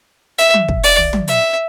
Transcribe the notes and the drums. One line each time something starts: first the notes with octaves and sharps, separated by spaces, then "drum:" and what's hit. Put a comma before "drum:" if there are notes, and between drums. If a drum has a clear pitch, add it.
E5, drum: hi-hat
drum: tom
drum: kick
D5, drum: open hi-hat
drum: tom
drum: tom
E5, drum: hi-hat